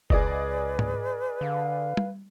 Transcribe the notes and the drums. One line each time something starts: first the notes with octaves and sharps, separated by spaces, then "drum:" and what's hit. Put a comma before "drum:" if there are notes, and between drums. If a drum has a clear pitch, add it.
C#2 G#4 B4 D5 D#5, drum: kick F1
drum: tom G#2
D3 F5
drum: tom G3